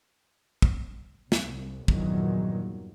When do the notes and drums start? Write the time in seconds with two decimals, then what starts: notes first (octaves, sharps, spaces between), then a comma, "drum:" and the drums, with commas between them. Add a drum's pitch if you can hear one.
0.62 drum: kick
1.32 C2, drum: snare
1.88 E2 G2 A#2 D#3 F#3, drum: kick